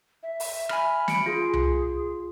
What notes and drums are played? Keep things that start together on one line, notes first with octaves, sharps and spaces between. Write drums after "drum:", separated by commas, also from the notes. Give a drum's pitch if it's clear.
E5
drum: open hi-hat
G#5 B5 F6, drum: rim click
B5 C#7 D7, drum: snare
F4 G#4
drum: tom C2